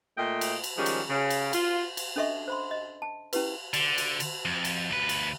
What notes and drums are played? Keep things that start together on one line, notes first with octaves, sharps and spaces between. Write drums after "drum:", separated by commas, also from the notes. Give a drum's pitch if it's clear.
A#2 A3 D#5 G5
drum: cymbal
drum: cymbal
D#3 F3 G3 G#3 C#4
drum: cymbal
C#3
drum: cymbal
F4, drum: cymbal
drum: cymbal
C#4 D4 A4 D#5 E5 C#6
C5 B5 C6
D#5
A5
C#4 E4 G4 B4, drum: cymbal
D3, drum: cymbal
drum: cymbal
drum: cymbal
F2
drum: cymbal
D2 B4
drum: cymbal